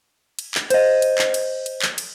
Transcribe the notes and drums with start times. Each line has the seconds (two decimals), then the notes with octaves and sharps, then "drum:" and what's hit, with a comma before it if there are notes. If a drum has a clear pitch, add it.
0.39 drum: cymbal
0.55 drum: clap
0.70 C5 D#5, drum: cymbal
1.02 drum: cymbal
1.18 drum: clap
1.34 drum: cymbal
1.66 drum: cymbal
1.82 drum: clap
1.98 drum: cymbal